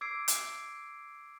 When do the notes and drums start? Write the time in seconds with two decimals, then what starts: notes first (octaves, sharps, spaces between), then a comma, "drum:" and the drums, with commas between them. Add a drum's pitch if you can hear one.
0.01 D6 E6 G#6 C7 D7
0.28 drum: hi-hat